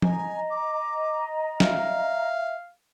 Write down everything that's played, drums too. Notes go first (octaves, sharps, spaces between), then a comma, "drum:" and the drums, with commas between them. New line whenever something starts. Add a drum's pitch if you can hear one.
D#5 G#5 A#5, drum: tom F3
D6
E5 F5, drum: snare